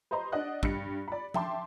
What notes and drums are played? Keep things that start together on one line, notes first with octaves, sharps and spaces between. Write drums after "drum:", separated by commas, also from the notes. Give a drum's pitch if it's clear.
B4 C5 D#5 A#5 C6
D4 D5 D#5 F#5 F#6
G2 C#7, drum: kick
D5 B5
E5 G5 A5 C6 D6, drum: tom F3